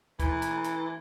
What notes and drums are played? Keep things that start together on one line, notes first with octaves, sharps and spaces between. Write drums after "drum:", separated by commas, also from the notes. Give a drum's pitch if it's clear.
E3, drum: kick D2, hi-hat
drum: hi-hat
drum: hi-hat